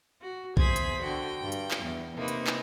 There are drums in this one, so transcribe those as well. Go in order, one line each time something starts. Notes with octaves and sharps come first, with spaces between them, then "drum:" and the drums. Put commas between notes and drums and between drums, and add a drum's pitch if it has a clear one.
F#4
E2 G#4 C5 G#6 B6, drum: kick
drum: hi-hat
D3 F#4 G5
G2
drum: hi-hat
drum: clap
E2
C3 A#3 D#4 B4
drum: hi-hat
drum: clap